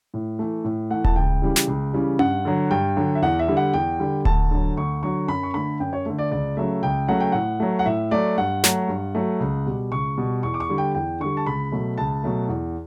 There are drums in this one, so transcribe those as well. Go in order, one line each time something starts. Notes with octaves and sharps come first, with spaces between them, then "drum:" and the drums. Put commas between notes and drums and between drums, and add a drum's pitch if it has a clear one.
A2
E3 A3
A2
E3 A3 F#5
A5, drum: kick D#1
C#2 G5
C#3 E3 G3
drum: snare
C#2
C#3 E3 G3
G2 F#5, drum: tom C#4
D3 F#3
G2 G5
D3 F#3
E5
E2 F#5
E5
D3 G3
F#5
E2 G5
D3 G3
D2 A5, drum: kick D#1
D3 F#3
D2 C#6
D3 F#3 C#6
F#2 B5
C#6
D3 A3 B5
F#2 G5
C#5
D3 A3
D5
C#2 D5
C#3 F#3 A3 E5
C#2 G5
C#3 F#3 A3 F#5
G5
A2 F#5
F#3 A3
F#5
A2 E5
F#3 A3 D5
G2 F#5
F#3 A3, drum: snare
G2
F#3 A3
C#2
B2 G3
C#2 C#6
B2 G3
E2 C#6
D6
C#6
D3 G3
G5
E2 G5
D3 G3 C#6
A5
C#2 B5
B2 F#3 A3
C#2 A5
B2 F#3 A3
E2